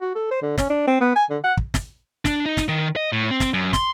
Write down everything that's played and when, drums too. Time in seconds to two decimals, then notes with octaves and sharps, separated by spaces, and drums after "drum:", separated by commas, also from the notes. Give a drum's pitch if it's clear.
0.01 F#4
0.15 A4
0.31 C5
0.42 D3
0.58 C#4, drum: snare
0.70 D4
0.88 C4
1.01 B3
1.16 G#5
1.30 D3
1.44 F#5
1.57 drum: kick
1.74 drum: snare
2.25 D4, drum: snare
2.46 D#4
2.57 drum: snare
2.69 D#3
2.96 D#5
3.12 A2
3.31 C4
3.40 drum: snare
3.54 F#2
3.73 C6, drum: snare